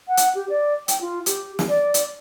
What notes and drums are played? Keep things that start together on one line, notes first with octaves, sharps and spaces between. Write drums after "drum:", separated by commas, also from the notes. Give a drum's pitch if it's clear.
F#5
drum: hi-hat
G4
D5
G5, drum: hi-hat
F4
G4, drum: hi-hat
drum: snare
D5
drum: hi-hat